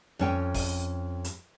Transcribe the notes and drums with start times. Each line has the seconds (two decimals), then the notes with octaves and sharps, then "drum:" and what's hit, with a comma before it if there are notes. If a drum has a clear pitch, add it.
0.19 F2 C#4 G5
0.54 drum: kick F#1, open hi-hat
1.24 drum: hi-hat